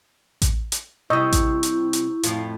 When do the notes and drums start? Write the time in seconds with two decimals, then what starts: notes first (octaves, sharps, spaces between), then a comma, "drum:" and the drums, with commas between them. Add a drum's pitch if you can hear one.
0.42 drum: kick A1, hi-hat
0.72 drum: hi-hat
1.10 C3 G3 E4 D#5 C#6 E6 G6
1.32 drum: kick A1, hi-hat
1.63 drum: hi-hat
1.93 drum: hi-hat
2.23 F2 A2 F4, drum: hi-hat